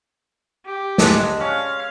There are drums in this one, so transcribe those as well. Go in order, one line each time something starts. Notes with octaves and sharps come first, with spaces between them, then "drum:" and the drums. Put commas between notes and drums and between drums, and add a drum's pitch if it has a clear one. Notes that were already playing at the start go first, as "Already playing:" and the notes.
G4
G#3 D4 D#5, drum: snare
C#4 F5